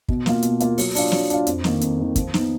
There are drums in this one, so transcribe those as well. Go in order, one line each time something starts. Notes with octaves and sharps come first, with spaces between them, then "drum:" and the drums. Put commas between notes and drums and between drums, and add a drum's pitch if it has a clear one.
B2, drum: kick
A#3 F4, drum: snare
B2, drum: hi-hat
A#3 F4, drum: hi-hat
F#3, drum: open hi-hat
D4 F4, drum: open hi-hat
F#3, drum: snare
D4 F4, drum: hi-hat
F2, drum: hi-hat
D#3 A#3, drum: snare
F2, drum: hi-hat
D#3 A#3
F3, drum: kick, hi-hat
B3 D#4, drum: snare